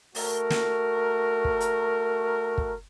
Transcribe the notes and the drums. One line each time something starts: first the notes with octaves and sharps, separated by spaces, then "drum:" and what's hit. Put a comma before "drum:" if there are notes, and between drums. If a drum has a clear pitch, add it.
A3 F#4 A#4, drum: open hi-hat
drum: snare
drum: kick
drum: hi-hat
drum: kick